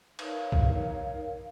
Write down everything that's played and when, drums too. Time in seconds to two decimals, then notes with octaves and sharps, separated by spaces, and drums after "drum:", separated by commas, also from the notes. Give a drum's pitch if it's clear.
0.19 D#4 A#4 C#5 F5, drum: cymbal
0.52 drum: kick B1
0.67 D#4 A#4 C#5